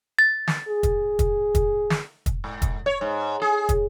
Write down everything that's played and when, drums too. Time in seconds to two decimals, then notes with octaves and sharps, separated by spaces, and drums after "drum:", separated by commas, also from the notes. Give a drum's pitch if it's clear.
0.19 A6
0.47 drum: snare
0.68 G#4
0.83 drum: kick, hi-hat
1.19 drum: kick, hi-hat
1.55 drum: kick, hi-hat
1.90 drum: snare
2.26 drum: kick, hi-hat
2.44 G#2
2.62 drum: kick, hi-hat
2.86 C#5
3.01 G#2
3.42 G#4
3.69 drum: kick, hi-hat